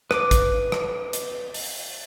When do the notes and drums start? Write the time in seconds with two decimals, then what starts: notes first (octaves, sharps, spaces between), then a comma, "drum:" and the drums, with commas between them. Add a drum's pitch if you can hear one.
0.11 B4 D6, drum: rim click
0.31 drum: kick A1, hi-hat
0.72 drum: rim click
1.13 drum: hi-hat
1.54 drum: open hi-hat